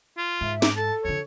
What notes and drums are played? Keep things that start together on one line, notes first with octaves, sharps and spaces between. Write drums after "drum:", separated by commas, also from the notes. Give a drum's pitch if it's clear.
F4
G#2 E5
D6, drum: snare
A4 A5
F2 D3 C#5